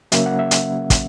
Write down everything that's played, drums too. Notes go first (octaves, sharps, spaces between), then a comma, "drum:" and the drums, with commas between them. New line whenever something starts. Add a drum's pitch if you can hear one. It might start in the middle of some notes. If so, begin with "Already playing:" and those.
C#3 F#3 A#3 C#4 E5, drum: hi-hat
F#5
E5
drum: hi-hat
drum: kick, hi-hat